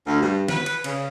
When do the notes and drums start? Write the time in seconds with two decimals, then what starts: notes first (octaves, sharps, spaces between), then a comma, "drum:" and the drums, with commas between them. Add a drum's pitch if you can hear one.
0.07 D2
0.22 G2
0.48 B4, drum: snare
0.66 drum: cymbal
0.84 C#3, drum: cymbal